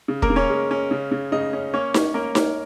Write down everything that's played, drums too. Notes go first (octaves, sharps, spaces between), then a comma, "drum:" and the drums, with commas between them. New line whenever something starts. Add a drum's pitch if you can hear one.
C#3
A#3 A#4, drum: kick
C#3
C#4 C#5
G#3
C#4
C#3
C#3
C#3 D#4 D#5
C#4
A#3 C#4 C#5
C#4, drum: snare D#4
A#3 C#4 A#4
C#4, drum: snare D#4